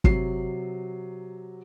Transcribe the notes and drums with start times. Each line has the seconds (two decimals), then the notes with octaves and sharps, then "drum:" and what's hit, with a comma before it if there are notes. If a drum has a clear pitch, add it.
0.04 C3 F#3 C7, drum: kick